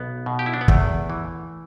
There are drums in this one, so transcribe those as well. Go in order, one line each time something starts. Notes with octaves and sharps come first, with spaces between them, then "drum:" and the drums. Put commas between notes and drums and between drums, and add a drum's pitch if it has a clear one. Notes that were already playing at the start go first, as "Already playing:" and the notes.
Already playing: B1 B3
B2
G4
E4
D4
B3
E2 A3, drum: kick
E3